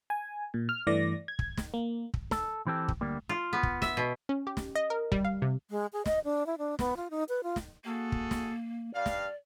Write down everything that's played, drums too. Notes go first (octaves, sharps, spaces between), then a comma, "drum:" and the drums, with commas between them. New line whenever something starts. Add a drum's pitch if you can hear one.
G#5
A#2
F6
G2 E3 A3 D5 A#6
G#6
drum: kick
drum: snare
A#3
drum: kick
A4, drum: snare
E3 C4 G4 A4
drum: kick
D2 G3 A#3
F4
B3
drum: kick
E5, drum: snare
B2
C#4
G4
drum: snare
D#5
A#4
G3, drum: kick
F5
C3
G#3
G#4
D#5, drum: snare
D4
E4
D4
B3, drum: snare
F4
D#4
B4
F4
drum: snare
A#3 F#4 G#4 A4
drum: kick
drum: snare
G2 D5 F5
drum: snare